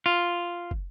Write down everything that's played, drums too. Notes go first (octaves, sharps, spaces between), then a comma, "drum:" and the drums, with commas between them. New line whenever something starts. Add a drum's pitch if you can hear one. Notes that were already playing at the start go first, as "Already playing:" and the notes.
F4
drum: kick